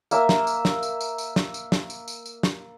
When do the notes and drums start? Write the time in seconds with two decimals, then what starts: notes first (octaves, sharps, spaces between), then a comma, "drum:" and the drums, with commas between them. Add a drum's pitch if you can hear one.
0.11 A#3 E5 A#5, drum: tambourine
0.29 drum: snare
0.47 drum: tambourine
0.65 drum: snare
0.83 drum: tambourine
1.01 drum: tambourine
1.18 drum: tambourine
1.36 drum: snare
1.54 drum: tambourine
1.72 drum: snare
1.90 drum: tambourine
2.08 drum: tambourine
2.26 drum: tambourine
2.43 drum: snare